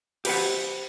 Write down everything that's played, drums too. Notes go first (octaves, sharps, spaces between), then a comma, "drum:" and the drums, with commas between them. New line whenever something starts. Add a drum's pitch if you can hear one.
G4 B4 C5 F#5, drum: cymbal